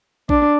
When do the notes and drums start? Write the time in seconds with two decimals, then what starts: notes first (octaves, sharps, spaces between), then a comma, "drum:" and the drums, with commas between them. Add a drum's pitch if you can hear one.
0.29 D4, drum: kick A1